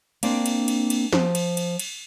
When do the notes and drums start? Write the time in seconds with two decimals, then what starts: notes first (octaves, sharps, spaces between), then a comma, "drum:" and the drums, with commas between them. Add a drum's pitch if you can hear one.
0.23 A#3 C4 D4, drum: cymbal
0.46 drum: cymbal
0.68 drum: cymbal
0.90 drum: cymbal
1.13 F3, drum: snare
1.35 drum: cymbal
1.57 drum: cymbal
1.79 drum: cymbal